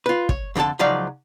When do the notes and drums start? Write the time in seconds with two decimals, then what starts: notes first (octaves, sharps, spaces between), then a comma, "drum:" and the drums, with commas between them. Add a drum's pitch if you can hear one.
0.06 F4 B4
0.29 C#5, drum: kick
0.55 F2 D3 C4 A4 A5
0.79 C#2 F3 F#3 D#4 D5 F5